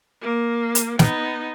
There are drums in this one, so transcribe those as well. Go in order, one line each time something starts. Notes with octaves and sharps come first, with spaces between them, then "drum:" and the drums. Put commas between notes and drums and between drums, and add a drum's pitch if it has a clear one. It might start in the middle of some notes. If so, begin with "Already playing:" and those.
A#3
drum: hi-hat
B3 D#4, drum: snare